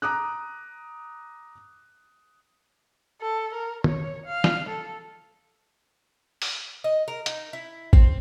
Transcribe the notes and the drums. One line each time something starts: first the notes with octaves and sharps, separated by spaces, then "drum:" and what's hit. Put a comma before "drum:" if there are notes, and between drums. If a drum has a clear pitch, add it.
A#5 D6 D#6 F#6
A4
A#4
C#5, drum: tom
F5
drum: snare
A4
drum: open hi-hat
D#5
A#4
D#4, drum: hi-hat
E4
C4, drum: kick